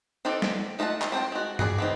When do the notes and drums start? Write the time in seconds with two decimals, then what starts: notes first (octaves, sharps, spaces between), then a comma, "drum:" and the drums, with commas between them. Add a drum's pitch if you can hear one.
0.25 C4 D#4 F#4 A4 D5
0.42 drum: snare
0.79 A3 F4 D#5 F#5 A5
1.02 drum: clap
1.12 C4 C5 G5 A5
1.32 G#3 F#4
1.59 F#4 G#4 B4 D5, drum: tom G2
1.78 B3 C4 D#4